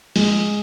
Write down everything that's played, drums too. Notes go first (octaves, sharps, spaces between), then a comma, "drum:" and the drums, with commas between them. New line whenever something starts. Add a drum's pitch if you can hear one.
G#3, drum: open hi-hat